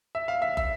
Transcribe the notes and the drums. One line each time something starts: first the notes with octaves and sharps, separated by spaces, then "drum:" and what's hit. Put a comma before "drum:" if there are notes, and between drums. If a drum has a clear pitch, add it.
E5
F5
E5
E5, drum: kick